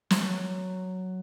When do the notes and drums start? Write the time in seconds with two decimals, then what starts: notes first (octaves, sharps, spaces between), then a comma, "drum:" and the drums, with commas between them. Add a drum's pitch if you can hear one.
0.10 F#3, drum: snare